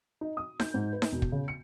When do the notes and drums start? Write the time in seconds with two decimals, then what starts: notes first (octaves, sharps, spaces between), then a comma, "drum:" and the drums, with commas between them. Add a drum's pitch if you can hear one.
0.21 D#4
0.37 D#6
0.60 G6, drum: snare D#4
0.74 G#2
0.93 B4
1.02 drum: snare D#4
1.12 E1
1.22 drum: kick
1.32 C#3
1.48 C#7